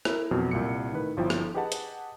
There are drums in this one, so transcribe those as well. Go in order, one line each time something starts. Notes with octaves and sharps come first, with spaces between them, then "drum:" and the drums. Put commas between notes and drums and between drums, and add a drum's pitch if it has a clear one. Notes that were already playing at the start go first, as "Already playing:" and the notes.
E4 A#4, drum: rim click
F2 B2 F#3
C2 A#2 C#7
A2 D#3 B4
G1 F3 E4 G5
drum: rim click
G4 G#4 B4 D#5 F#5 A5
drum: hi-hat